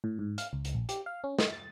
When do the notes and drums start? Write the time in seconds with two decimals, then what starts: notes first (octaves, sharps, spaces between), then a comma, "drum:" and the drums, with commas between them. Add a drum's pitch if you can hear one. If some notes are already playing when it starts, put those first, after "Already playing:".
0.04 A2
0.19 G#2
0.38 F5, drum: hi-hat
0.53 C#2
0.65 drum: hi-hat
0.75 A#1
0.89 G4, drum: hi-hat
1.06 F5
1.24 C#4
1.39 D#5, drum: snare
1.53 A6